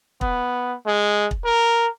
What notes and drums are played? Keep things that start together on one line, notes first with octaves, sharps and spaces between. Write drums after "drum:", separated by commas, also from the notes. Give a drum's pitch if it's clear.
B3, drum: kick
G#3
drum: kick
A#4